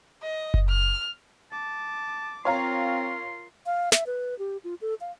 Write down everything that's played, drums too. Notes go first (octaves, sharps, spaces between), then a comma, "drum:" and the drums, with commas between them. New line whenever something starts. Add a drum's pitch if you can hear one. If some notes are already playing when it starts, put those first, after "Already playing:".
D#5
drum: kick F#1
F6
A5 D6
C4 F4 A#4 C#5 F5 A#5 C6
F5
E5, drum: snare
B4
G4
F4
A4
F5